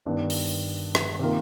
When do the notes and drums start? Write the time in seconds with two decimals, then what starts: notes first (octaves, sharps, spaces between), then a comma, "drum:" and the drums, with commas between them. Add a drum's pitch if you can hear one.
0.05 G1 G2 D#3
0.30 drum: open hi-hat
0.95 drum: rim click
1.19 C3 D#3 A#3 F4 A#4